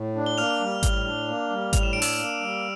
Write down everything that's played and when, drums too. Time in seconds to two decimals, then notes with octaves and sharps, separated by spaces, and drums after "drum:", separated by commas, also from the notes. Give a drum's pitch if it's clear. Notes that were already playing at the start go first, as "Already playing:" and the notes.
Already playing: A2
0.16 D4
0.26 G7
0.38 A#3 F6 F7
0.60 G3
0.83 A2, drum: kick G#1, hi-hat
1.05 D4
1.28 A#3
1.50 G3
1.73 A2 F7, drum: kick G#1, hi-hat
1.83 E7
1.93 D4 D7
2.02 E6 E7, drum: open hi-hat
2.18 A#3
2.40 G3